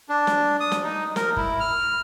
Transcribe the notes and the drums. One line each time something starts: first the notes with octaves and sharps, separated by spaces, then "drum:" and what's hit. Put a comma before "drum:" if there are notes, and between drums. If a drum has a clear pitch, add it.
D4
drum: snare
D#6
drum: snare
D#4
A#4, drum: snare
E4, drum: kick
F6